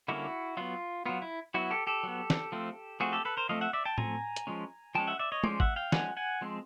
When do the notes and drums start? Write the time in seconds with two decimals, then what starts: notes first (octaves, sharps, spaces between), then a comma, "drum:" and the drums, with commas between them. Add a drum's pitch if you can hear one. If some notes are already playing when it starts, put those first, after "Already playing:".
0.08 D3 G3 A#3 C#4 E4 F#4
0.57 F#3 B3 F4
1.06 F#3 B3 F4
1.22 E4
1.54 F#3 B3 E4 F#4
1.70 G4 A4
1.87 G4 A4
2.03 F#3 B3
2.30 drum: snare
2.52 F3 A3 C4
3.00 F3 A3 C4 F#4 G#4
3.12 G4 A4
3.25 A4 B4
3.37 A#4 C5
3.49 F3 A3 C4 D#5 F5
3.61 E5 F#5
3.73 D5 E5
3.85 G5 A5
3.98 F3 A3 C4 G#5 A#5, drum: tom A2
4.36 drum: hi-hat
4.47 F3 G#3 C#4
4.95 F3 G#3 C#4 G5 A5
5.07 E5 F#5
5.19 D5 E5
5.32 C#5 D#5
5.44 F3 G#3 C#4 C5 D5, drum: tom G#3
5.60 E5 F#5, drum: kick
5.76 F5 G5
5.92 F3 G#3 C#4 F#5 G#5, drum: snare
6.17 F#5 G#5
6.41 F3 G#3 C4